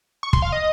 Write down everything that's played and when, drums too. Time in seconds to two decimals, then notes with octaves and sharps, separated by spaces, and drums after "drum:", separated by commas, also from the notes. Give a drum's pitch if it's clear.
0.23 C#6
0.33 C6, drum: kick
0.42 F5
0.52 D#5